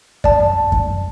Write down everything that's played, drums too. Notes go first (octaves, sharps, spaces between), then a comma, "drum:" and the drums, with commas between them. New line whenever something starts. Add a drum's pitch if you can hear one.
D5 A5, drum: kick F#2
drum: kick F#2